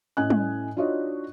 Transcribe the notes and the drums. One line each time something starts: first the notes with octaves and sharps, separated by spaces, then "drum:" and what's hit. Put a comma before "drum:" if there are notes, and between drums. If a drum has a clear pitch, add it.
A2 C#4 D#5 G#5 F#6
drum: tom G3
D4 D#4 F4 F#4 C#5 D#5